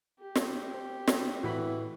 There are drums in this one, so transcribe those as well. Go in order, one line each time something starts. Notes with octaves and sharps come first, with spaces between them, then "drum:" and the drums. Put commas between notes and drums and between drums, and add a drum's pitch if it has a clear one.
G4
drum: snare
C5
drum: snare
A2 E3 F#4 B5